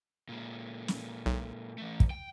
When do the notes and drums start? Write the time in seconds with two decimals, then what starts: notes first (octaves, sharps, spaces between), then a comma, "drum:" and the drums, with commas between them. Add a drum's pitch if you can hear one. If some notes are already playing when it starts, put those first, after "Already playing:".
0.29 A#2 G#3
0.88 drum: snare
1.26 B1
1.78 E3 A3
2.00 drum: kick
2.10 G5